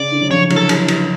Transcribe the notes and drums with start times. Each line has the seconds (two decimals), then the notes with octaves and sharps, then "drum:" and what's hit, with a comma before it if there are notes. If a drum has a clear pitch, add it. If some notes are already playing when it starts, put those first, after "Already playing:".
Already playing: C#3 D5
0.12 D3
0.21 F#3
0.31 C#3 F3 C#5
0.50 D3 F#3, drum: cymbal
0.56 A4
0.69 drum: cymbal
0.88 drum: cymbal